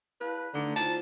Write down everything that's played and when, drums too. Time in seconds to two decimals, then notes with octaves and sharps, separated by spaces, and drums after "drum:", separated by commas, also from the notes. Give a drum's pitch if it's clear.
0.21 E4 B4 F5 A5
0.54 D3 A3 D#4 A#5
0.76 E4 F4 C5 A5, drum: hi-hat